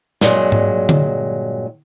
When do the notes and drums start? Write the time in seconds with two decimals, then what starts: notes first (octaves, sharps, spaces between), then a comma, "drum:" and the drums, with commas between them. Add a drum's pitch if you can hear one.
0.21 G2 A#2 D#3 F#3 G#3, drum: snare
0.52 drum: tom G#2
0.89 drum: tom D3